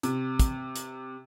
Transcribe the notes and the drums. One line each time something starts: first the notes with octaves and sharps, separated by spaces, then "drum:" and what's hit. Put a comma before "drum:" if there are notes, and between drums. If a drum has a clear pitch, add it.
C3, drum: hi-hat
drum: kick, hi-hat
drum: hi-hat